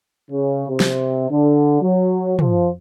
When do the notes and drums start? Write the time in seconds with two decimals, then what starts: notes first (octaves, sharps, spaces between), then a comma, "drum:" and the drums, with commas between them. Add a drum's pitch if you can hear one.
0.30 C#3
0.68 C3
0.80 drum: snare
1.29 D3
1.81 F#3
2.39 F3, drum: tom